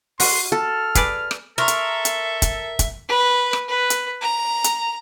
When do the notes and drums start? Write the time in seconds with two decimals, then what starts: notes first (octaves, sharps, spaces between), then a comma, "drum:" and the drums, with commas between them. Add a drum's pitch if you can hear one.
0.20 F#4 C6, drum: open hi-hat
0.52 A4 F6
0.95 G#4 B4 D5, drum: kick, hi-hat
1.31 drum: rim click
1.58 A4 A#4 E5 C6 C#6 F6
1.68 drum: hi-hat
2.05 drum: hi-hat
2.42 drum: kick, hi-hat
2.79 drum: kick, hi-hat
3.09 B4
3.53 drum: rim click
3.68 B4
3.90 drum: hi-hat
4.21 A#5
4.64 drum: hi-hat